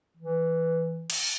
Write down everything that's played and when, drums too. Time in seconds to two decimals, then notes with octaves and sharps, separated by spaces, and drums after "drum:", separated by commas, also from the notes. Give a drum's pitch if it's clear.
0.17 E3
1.10 drum: cymbal